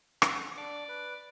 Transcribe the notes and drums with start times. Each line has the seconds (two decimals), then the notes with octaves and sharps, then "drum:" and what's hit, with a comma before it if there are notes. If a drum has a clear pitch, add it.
0.22 F#5, drum: rim click
0.57 D4 D5
0.88 B4